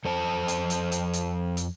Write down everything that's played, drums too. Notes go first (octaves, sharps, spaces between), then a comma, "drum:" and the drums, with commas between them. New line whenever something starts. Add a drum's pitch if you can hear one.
F2 A4 C5 A5
drum: hi-hat
drum: hi-hat
drum: hi-hat
drum: hi-hat
drum: hi-hat